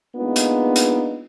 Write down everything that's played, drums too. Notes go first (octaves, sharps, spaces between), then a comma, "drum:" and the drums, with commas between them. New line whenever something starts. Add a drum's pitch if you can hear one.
G#3 A#3 B3 D4 D#4 F4
drum: hi-hat
drum: hi-hat